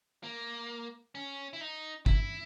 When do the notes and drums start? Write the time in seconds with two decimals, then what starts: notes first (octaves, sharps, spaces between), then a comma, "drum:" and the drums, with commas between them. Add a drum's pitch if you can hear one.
0.23 A#3
1.15 C#4
1.53 E4
1.61 D#4
2.06 E4, drum: kick G1